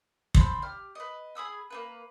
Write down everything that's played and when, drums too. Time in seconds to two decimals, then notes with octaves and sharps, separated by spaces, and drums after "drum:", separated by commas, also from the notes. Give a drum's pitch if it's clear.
0.34 C4 D4 C5 B5, drum: kick
0.62 G4 F6
0.95 B4 D#5
1.35 G#4 B5 D#6 E6
1.70 A#3 B3 B4